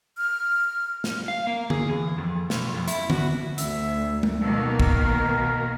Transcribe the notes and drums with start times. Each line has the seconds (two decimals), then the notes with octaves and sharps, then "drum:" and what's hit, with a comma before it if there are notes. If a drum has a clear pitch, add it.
0.17 F6
1.04 drum: snare
1.28 F5
1.47 A#3
1.70 G#4, drum: tom D3
1.88 E2
2.18 F2
2.50 B1, drum: snare
2.74 F2
2.88 E4, drum: hi-hat
3.10 F#4, drum: tom D3
3.58 D2 E5, drum: hi-hat
4.23 drum: tom G#3
4.43 B2 D#3 A#3 A4
4.80 A#4, drum: kick